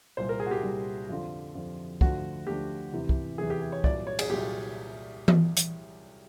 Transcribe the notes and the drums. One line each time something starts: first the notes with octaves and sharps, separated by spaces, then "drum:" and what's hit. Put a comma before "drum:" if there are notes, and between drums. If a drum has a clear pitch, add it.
C2 A#2 G3 C5
A#4
G#4
F#4
G4
C2 A#2 G3
F2 D3 F3 F4
F2 D3 F3
D2 D3 F3 A3 D4 F#4, drum: kick
D2 D3 F3 A3 D4 G4
E2 C3 E3
drum: kick
E2 C3 E3 G#4
G4
G#4
C#5
C2 A#2 F#3 D5, drum: kick
C#5
G#4, drum: cymbal
C2 A#2 F#3 G4
drum: tom E3
drum: hi-hat